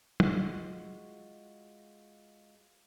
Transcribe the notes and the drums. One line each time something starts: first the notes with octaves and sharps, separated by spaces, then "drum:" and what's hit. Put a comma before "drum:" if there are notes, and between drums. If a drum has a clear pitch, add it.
G#3 F4 F#4, drum: tom